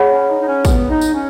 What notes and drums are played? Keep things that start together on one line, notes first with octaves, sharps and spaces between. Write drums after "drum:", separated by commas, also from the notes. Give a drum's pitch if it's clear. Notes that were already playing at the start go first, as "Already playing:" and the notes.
Already playing: G#4 C#5 F#5 B5
C#4
D#4
D#4
C#4
B3, drum: kick, tambourine
D#4
drum: tambourine
C#4